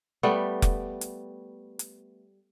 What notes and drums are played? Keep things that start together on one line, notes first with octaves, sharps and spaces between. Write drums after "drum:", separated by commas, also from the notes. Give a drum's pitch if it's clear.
G3 A3 B3
drum: kick F1, hi-hat
drum: hi-hat
drum: hi-hat